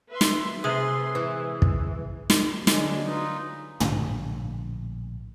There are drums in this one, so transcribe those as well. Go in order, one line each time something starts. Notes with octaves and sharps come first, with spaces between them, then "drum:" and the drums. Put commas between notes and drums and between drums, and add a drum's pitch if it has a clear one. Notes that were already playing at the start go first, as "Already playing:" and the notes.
B4 E5 C6
drum: snare
C3 G#4 B4 C6 D#6
E3 G#3
drum: kick
drum: snare
D3 F#3 G#3, drum: snare
D#4 F4 B4
A#1 A2 D3, drum: tom